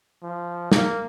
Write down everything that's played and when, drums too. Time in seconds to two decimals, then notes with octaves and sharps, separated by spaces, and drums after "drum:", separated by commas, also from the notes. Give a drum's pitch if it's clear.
0.22 F3
0.72 A#3, drum: snare